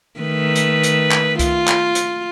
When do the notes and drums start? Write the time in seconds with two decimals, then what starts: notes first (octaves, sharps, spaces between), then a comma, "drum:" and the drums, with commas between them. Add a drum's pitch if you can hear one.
0.20 D#3 A3 B4
0.56 drum: hi-hat
0.84 drum: hi-hat
1.11 drum: clap
1.39 F4, drum: kick C2, hi-hat
1.67 drum: clap
1.95 drum: hi-hat